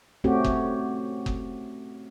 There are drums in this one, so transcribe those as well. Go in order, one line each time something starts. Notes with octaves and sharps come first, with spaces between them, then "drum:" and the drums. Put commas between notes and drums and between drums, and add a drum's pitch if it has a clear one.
A3 C4 C#4 F#4 G4
drum: kick F#1
drum: kick F#1